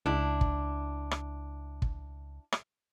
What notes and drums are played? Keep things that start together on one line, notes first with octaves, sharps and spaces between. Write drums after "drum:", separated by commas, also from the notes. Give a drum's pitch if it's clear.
C#2 D4 E4
drum: kick
drum: rim click
drum: kick
drum: rim click